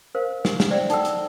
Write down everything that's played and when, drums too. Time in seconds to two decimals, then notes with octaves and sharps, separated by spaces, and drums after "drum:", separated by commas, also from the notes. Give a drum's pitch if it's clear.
0.15 A#4 C5 F5
0.45 drum: snare
0.60 drum: snare
0.71 C5 D5 E5 G5
0.90 D#4 A4 F#5 G5 E6, drum: hi-hat
1.05 drum: hi-hat